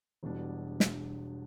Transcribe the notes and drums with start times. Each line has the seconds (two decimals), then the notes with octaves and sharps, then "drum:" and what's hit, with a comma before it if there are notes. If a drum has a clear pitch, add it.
0.23 E1 E2 B2 G3 D4
0.80 drum: snare